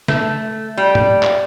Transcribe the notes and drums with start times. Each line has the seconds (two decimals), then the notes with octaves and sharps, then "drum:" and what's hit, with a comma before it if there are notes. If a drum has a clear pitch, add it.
0.08 A3, drum: snare
0.77 G3
0.95 drum: tom
1.23 drum: clap